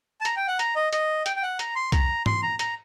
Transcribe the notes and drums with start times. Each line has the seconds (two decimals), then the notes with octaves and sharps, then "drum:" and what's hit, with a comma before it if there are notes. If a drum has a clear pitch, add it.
0.21 A5
0.25 A#5, drum: hi-hat
0.36 G5
0.48 F#5
0.59 A#5, drum: hi-hat
0.76 D#5
0.93 D#5, drum: hi-hat
1.26 G5, drum: hi-hat
1.36 G5
1.43 F#5
1.59 A#5, drum: hi-hat
1.76 C6
1.92 A#5, drum: kick, hi-hat
2.26 C6, drum: tom
2.43 A#5
2.59 A#5, drum: hi-hat